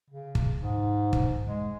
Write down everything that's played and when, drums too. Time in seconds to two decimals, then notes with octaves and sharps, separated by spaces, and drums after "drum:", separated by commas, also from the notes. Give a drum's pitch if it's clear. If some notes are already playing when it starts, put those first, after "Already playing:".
0.10 C#3
0.35 drum: kick
0.61 G#2
1.13 drum: kick
1.47 G#3